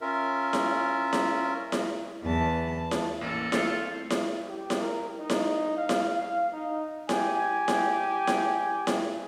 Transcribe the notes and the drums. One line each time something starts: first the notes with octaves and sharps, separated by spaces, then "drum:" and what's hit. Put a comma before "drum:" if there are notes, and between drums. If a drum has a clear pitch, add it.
C#4 F4 A#4 E5
drum: snare E4
drum: snare E4
drum: snare E4
E2 A5
drum: snare E4
A1 A#3 A4
A3 C4 F4, drum: snare E4
drum: snare E4
G4
drum: snare E4
A#4
D#4
drum: snare E4
F5
drum: snare E4
F5
D#4
G4 G#5, drum: snare E4
drum: snare E4
drum: snare E4
drum: snare E4